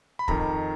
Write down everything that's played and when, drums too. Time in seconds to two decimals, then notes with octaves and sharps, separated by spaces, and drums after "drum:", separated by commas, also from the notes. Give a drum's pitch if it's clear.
0.19 B5
0.28 F2 D#3 A#5, drum: kick